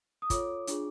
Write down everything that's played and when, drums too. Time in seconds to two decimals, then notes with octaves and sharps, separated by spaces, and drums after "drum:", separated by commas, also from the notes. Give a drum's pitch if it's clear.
0.22 D#6
0.30 F4 A4 C#5 D6, drum: kick, hi-hat
0.67 D4 F4 G#4, drum: hi-hat